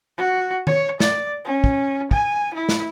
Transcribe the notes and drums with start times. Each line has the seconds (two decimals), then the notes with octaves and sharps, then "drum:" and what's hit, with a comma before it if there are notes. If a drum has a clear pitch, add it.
0.18 F#4
0.67 C#5, drum: tom D#3
1.00 D5, drum: snare
1.45 C#4
1.64 drum: kick
2.11 G#5, drum: kick
2.54 E4
2.69 drum: snare